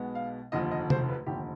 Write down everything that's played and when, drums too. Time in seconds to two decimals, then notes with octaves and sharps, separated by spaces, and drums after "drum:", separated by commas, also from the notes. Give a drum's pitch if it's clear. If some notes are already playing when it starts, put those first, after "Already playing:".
Already playing: B1 B2 G#3 B3
0.15 F5
0.52 F1 D#2 D3 F3 D#5
0.71 D#5
0.90 C5, drum: tom C3
1.09 B4
1.26 F1 D#2 D3 F3 G4